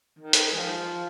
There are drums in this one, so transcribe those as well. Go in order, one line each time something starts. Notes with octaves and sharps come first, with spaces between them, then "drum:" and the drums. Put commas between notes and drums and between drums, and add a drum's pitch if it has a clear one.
D#3
drum: hi-hat
G#3
F3